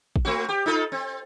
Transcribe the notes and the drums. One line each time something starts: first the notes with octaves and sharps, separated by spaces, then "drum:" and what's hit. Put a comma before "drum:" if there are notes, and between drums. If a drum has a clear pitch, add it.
drum: kick
A3 C4 F#4
G4
D#4 F4 A4
C4